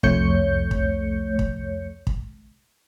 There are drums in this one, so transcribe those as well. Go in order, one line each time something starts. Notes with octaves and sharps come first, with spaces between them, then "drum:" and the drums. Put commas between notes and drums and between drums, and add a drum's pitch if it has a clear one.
C2 F2 A3 C#5 G6 C#7, drum: kick
drum: kick
drum: kick
drum: kick